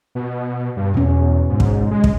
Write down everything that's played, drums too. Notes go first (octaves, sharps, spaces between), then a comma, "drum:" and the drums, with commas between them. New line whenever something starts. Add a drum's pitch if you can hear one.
B2
G2
E2 B2 C#4
G#2
drum: kick
G#3
drum: kick